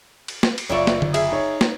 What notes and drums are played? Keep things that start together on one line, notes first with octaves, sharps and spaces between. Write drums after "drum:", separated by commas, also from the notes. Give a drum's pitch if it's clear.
drum: cymbal
drum: snare
drum: cymbal
F#1 F4 C#5 D5 E5 C#6
drum: snare
drum: tom D3
G#4 E5, drum: cymbal
D#4 C#5
drum: snare